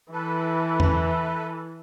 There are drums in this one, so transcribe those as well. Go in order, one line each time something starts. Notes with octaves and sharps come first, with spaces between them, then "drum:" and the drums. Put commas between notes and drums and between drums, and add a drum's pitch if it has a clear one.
E3 E4 A4 B4
drum: tom E2